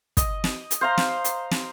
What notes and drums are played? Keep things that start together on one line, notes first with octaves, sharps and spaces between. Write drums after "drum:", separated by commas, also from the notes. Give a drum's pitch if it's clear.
D#5, drum: kick, hi-hat
drum: snare
drum: hi-hat
C5 F5 A#5
drum: snare
drum: hi-hat
drum: snare